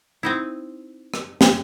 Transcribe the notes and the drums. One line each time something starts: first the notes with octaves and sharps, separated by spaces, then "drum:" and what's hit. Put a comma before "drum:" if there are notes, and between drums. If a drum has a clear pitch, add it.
C4 D#4 E4
drum: rim click
drum: snare